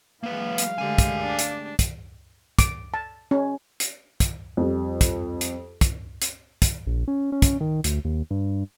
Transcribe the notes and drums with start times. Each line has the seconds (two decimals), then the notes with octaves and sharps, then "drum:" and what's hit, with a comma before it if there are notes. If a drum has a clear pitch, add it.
0.23 E3 F#3 G#3 A#3 B4 F5
0.58 drum: hi-hat
0.78 D3 G#3 A3 G4 A#4 G#5
0.98 drum: kick, hi-hat
1.22 D4
1.39 drum: hi-hat
1.79 drum: kick, hi-hat
2.59 D6, drum: kick, hi-hat
2.94 A5
3.31 C#4
3.80 drum: hi-hat
4.20 drum: kick, hi-hat
4.57 F2 G3
5.01 drum: kick, hi-hat
5.41 drum: hi-hat
5.81 drum: kick, hi-hat
6.22 drum: hi-hat
6.62 drum: kick, hi-hat
6.87 A#1
7.08 C#4
7.32 C#4
7.42 drum: kick, hi-hat
7.60 D#3
7.84 D2, drum: hi-hat
8.05 D#2
8.31 G2